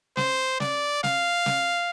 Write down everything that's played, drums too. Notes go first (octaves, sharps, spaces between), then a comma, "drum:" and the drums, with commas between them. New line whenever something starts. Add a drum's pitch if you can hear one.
C5, drum: snare
D5, drum: snare
F5, drum: snare
drum: snare